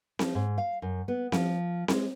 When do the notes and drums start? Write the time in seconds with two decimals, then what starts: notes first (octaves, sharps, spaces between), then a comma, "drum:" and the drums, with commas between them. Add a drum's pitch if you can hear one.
0.19 F3, drum: snare C4
0.35 G#2
0.58 F5
0.82 F#2
1.08 B3
1.32 F3, drum: snare C4
1.88 G#3, drum: snare C4